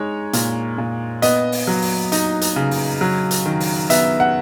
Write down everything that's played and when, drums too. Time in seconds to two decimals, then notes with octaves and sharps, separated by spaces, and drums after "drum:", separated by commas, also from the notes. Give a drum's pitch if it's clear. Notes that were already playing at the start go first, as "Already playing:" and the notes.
Already playing: G#3 D#4 C#5
0.33 A#2, drum: hi-hat
0.78 A#2
1.22 B3 D#5, drum: hi-hat
1.52 drum: open hi-hat
1.67 F#3
1.82 drum: open hi-hat
2.12 D#4, drum: hi-hat
2.41 drum: hi-hat
2.56 C#3
2.71 drum: open hi-hat
3.01 F#3
3.31 drum: hi-hat
3.46 D#3
3.60 drum: open hi-hat
3.90 B3 E5, drum: hi-hat
4.20 F#5